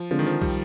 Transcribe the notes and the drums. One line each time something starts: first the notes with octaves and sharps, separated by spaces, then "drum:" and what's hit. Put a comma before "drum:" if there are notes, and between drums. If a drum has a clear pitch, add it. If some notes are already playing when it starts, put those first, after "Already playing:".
Already playing: F3
D3 F3 G#3 C4
D#3
F3
G3, drum: kick